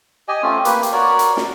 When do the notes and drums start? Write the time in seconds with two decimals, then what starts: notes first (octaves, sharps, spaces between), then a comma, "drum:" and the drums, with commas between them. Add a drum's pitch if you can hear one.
0.28 G4 D#5 G#5
0.43 A3 C4 C#4 F4
0.65 A#3 G4 B4, drum: hi-hat
0.83 drum: hi-hat
0.92 F#4 A#4 C#5 D5
1.19 drum: hi-hat
1.37 drum: snare